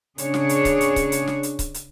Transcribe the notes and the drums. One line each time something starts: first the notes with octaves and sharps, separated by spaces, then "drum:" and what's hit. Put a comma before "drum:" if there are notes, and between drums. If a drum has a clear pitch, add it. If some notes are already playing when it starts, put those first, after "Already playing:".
C#3 D4 G#4 C#5, drum: hi-hat
drum: snare
drum: hi-hat
drum: kick C#1, hi-hat
drum: hi-hat
drum: kick C#1, hi-hat
drum: hi-hat
drum: snare
drum: hi-hat
drum: kick C#1, hi-hat
drum: hi-hat